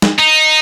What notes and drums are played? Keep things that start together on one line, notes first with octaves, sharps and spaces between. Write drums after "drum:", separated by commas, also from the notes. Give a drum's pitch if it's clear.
drum: snare
D#4